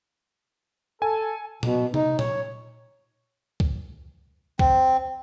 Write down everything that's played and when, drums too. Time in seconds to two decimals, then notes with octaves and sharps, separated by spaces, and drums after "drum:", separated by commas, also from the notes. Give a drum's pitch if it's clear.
1.02 A4 G#5
1.63 B2, drum: tom A#2
1.94 D#4, drum: tom C3
2.19 C#5, drum: tom A#2
3.60 drum: kick
4.59 C4, drum: kick